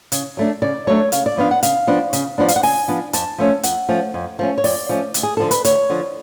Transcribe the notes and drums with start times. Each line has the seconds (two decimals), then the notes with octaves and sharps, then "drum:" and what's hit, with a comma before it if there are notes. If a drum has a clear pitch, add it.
0.12 C#3, drum: hi-hat
0.37 F#3 A3 D4
0.62 C#3 D5
0.87 F#3 A3 D4 C#5
1.12 C#3 F5, drum: hi-hat
1.26 D5
1.37 F3 B3 D4 F5
1.51 F#5
1.63 C#3 F5, drum: hi-hat
1.87 F3 B3 D4
2.13 C#3, drum: hi-hat
2.38 F3 B3 D4 D5
2.48 F5, drum: hi-hat
2.56 F#5
2.63 C#3 G#5, drum: open hi-hat
2.88 F3 B3 D4
3.13 F2 A5, drum: hi-hat
3.38 F3 A3 C#4
3.63 F2 F#5, drum: hi-hat
3.89 F3 A3 C#4
4.14 F2
4.39 F3 A3 C#4
4.58 C#5
4.64 F2 D5, drum: open hi-hat
4.89 F3 A3 C#4
5.14 D2, drum: hi-hat
5.23 G#4
5.37 D3 F3 A4
5.51 B4, drum: hi-hat
5.64 D2 C#5, drum: hi-hat
5.90 D3 F3